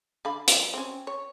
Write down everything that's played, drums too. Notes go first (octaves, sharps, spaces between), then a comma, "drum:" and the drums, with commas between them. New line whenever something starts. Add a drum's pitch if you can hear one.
D3 F5 B5
F#3 F4, drum: hi-hat
C4 C#4
C#5